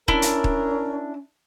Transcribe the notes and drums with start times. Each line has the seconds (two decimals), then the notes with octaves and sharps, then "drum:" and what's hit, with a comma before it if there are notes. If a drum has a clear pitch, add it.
0.08 C#4 D4 E4 A#4, drum: kick
0.22 drum: hi-hat
0.44 drum: kick